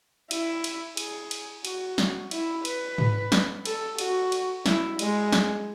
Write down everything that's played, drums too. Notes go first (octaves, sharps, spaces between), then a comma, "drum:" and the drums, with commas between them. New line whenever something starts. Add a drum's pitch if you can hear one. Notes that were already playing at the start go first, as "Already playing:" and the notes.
E4, drum: cymbal
drum: cymbal
G#4, drum: cymbal
drum: cymbal
F#4, drum: cymbal
drum: snare
E4, drum: cymbal
B4, drum: cymbal
drum: tom G#2
drum: snare
A4, drum: cymbal
F#4, drum: cymbal
drum: cymbal
E4, drum: snare
G#3, drum: cymbal
drum: snare